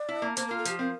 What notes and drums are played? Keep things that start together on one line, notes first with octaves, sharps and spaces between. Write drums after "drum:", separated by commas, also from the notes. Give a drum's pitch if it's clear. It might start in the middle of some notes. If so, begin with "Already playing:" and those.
Already playing: D5
E4
A#3
A#3 C5, drum: hi-hat
F4 A#4
A4
F3 G4, drum: hi-hat
C4 A#4